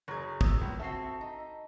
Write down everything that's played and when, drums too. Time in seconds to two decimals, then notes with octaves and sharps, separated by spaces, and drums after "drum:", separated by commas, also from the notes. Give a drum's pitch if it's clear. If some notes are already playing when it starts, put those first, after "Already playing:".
0.08 F#1 F#3 G#4 G#6
0.41 D#6 E6, drum: kick
0.57 E1 C#2
0.80 C4 F#4 A4 E5 C7
1.21 D#4